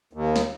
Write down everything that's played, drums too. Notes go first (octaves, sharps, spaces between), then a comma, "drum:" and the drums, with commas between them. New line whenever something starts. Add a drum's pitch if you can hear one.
D#2
drum: snare